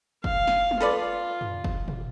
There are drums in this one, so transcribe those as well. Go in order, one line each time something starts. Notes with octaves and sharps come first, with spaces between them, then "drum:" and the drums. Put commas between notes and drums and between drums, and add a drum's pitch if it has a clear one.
F5, drum: kick
drum: snare
drum: tom
F4 A4 B4 D5
drum: tom
drum: kick
drum: tom